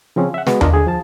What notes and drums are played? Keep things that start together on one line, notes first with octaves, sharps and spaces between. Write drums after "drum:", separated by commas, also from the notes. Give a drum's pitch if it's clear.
C#3 F3 C4 C#4
E5 F#5
G#3 B3 F#4, drum: snare
D4 F4 A#4 D#5, drum: tom D#2
D3 G#4
F3 A5